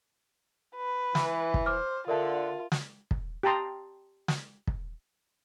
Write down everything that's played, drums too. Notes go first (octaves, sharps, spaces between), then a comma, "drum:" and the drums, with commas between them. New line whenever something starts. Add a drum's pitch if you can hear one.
B4
E3 B5, drum: snare
drum: kick
C5 D6 F6
D3 F4 A#4 E5 A5
drum: snare
drum: kick
G4 G5 A5 A#5 C6 D#6
drum: snare
drum: kick